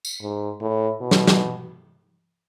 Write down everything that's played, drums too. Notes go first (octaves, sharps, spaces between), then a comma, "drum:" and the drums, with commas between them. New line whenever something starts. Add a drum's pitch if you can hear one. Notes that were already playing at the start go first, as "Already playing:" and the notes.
drum: tambourine
G#2
A2
B2
drum: snare
drum: snare